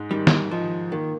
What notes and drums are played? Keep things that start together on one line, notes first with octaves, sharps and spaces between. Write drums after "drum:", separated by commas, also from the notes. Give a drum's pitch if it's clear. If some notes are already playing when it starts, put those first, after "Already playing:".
Already playing: G#2 G#3
D#3 G3
drum: snare
F3 D#4
D#3 A#3